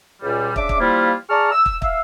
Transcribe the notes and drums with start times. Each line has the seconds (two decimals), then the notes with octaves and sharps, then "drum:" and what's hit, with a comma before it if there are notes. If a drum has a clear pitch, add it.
0.21 C#2 A#2 G3
0.56 C#3 D4 E5 D6, drum: kick
0.69 drum: kick
0.80 F3 G3 A#3 E4 F4
1.29 G#4 D5 A5 A#5 C#6 F6
1.51 E6
1.66 drum: kick
1.82 E5 F5 E6, drum: kick